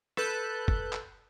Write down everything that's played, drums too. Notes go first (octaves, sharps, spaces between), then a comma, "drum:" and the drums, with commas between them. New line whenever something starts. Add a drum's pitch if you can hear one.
A4 B4 F#6 G6, drum: rim click
drum: kick F#1
drum: clap